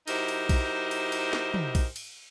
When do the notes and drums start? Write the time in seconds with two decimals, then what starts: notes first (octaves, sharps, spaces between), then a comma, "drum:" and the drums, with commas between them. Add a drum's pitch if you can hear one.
0.08 F#3 D#4 E4 G4 A#4 C5, drum: cymbal
0.28 drum: cymbal
0.49 drum: kick B1, cymbal
0.91 drum: cymbal
1.12 drum: cymbal
1.33 drum: snare
1.54 drum: tom
1.75 drum: kick B1, cymbal
1.96 drum: cymbal